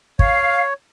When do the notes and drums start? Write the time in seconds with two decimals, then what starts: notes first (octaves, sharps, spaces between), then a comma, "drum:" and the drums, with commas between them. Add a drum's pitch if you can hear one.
0.19 C#5 F5, drum: kick